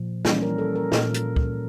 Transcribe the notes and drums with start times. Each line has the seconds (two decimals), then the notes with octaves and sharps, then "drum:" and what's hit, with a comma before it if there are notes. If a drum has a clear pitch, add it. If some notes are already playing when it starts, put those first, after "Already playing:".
Already playing: A#2 F3
0.25 E3 G3 A#3 C#4, drum: snare
0.42 A#4
0.58 A4
0.76 A#4
0.92 A#2 G3 A#3, drum: snare
1.14 drum: hi-hat
1.36 drum: kick